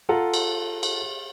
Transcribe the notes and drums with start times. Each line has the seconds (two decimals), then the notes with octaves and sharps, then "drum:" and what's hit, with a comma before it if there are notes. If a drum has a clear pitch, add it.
0.09 F4 A4 F#5 A#5
0.34 drum: cymbal
0.83 drum: cymbal